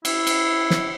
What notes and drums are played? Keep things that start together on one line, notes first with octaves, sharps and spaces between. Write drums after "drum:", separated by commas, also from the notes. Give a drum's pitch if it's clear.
E4, drum: cymbal
drum: cymbal
drum: snare